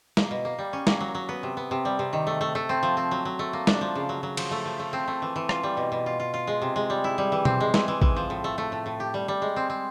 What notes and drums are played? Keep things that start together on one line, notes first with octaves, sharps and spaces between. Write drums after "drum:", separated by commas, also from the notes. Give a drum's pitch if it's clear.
A#3, drum: snare
B2
A#3
G3
C#4
A#3, drum: snare
F#3
F#3
B3
C3
B3
C3
G3
C3
D#3
A3
A3
A3
C4
F3
C4
F#3
F#3
A3
A#3
D4, drum: snare
F3
C#3
F#3
F#3
F3, drum: cymbal
A3
F3
A3
C4
A3
E3
E3
F4, drum: rim click
G3
B2
B2
F4
F4
F4
G#3
C3
G#3
G3
E4
G3
E3
C4, drum: tom B2
G#3
E3, drum: snare
E3
E3, drum: kick
F3
A2
A3
A3
A2
A2
G4
G3
G3
G#3
C4
C4